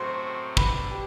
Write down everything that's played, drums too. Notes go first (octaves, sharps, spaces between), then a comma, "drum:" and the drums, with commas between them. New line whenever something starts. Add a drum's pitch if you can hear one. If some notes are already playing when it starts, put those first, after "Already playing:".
Already playing: A2 F#3 A3 C4 F#4 C5 C6
D3 G3 D4 B4 B5, drum: kick
G4